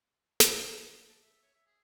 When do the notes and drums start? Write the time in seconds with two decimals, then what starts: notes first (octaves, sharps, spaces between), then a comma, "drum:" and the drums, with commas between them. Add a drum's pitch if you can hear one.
0.40 drum: snare
1.08 A5
1.22 E5
1.43 C#5
1.54 E5
1.66 G#4